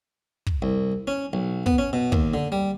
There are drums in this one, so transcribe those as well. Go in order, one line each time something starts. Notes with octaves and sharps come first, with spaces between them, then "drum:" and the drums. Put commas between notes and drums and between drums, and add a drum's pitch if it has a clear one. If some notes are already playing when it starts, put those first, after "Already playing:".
drum: kick
C2
C#4
B1
B3, drum: kick
C#4
B2
D#2, drum: kick
D3
G3